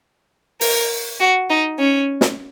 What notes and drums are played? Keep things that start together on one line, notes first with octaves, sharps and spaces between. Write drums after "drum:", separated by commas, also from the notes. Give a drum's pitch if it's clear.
A#4, drum: open hi-hat
F#4
D#4
C#4
drum: snare